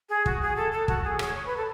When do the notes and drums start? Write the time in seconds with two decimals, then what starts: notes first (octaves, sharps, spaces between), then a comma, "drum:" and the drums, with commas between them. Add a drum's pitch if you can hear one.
0.09 G#4
0.26 F#4, drum: kick
0.42 G#4
0.56 A4
0.72 A4
0.88 F#4, drum: kick
1.04 G#4
1.19 C#5, drum: rim click
1.35 C#5
1.46 B4
1.57 A4